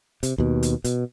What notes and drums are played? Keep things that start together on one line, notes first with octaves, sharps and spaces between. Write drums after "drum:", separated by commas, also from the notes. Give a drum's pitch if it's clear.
C3, drum: hi-hat
D#2 B2
drum: hi-hat
B2, drum: hi-hat